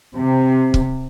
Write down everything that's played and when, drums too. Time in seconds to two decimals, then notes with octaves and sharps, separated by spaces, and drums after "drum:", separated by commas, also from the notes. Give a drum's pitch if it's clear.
0.18 C3
0.74 drum: kick